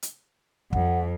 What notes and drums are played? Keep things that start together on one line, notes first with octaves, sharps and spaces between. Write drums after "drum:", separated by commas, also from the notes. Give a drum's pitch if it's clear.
drum: hi-hat
F2 F#5, drum: kick